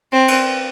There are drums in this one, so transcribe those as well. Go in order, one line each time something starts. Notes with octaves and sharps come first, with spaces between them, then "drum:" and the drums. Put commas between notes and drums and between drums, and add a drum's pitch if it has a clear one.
C4
drum: cymbal